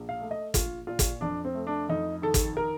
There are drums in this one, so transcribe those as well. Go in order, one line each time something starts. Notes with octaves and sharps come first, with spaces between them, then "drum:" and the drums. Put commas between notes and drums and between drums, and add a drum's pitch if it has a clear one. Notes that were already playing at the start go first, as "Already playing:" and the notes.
Already playing: A#1
F5
A3
D#5
A#1 F4, drum: kick, hi-hat
A#2 F4
drum: kick, hi-hat
F2 D4
C4
A3
D4
F2 D#4
D#3 A4
drum: kick, hi-hat
A#4